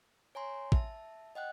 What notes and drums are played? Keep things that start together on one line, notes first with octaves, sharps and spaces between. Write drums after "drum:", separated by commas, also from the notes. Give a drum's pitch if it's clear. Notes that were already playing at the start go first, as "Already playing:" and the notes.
C#5 G#5 A#5 C6
E5 A5, drum: kick
D#5 F#5 G5 F#6